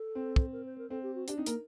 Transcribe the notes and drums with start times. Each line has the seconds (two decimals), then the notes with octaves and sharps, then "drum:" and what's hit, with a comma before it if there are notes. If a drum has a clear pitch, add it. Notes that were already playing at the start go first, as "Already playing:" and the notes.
Already playing: A4
0.15 C4
0.36 drum: kick
0.53 A#4
0.65 C5
0.78 A#4
0.90 C4 A4
1.03 G4
1.15 F#4
1.28 D4 G4, drum: hi-hat
1.37 C4 D#4
1.46 A#3 A#4, drum: hi-hat